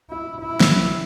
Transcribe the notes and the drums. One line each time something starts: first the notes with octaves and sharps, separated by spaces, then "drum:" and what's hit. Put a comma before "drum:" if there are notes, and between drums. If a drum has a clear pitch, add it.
E4
E4
drum: snare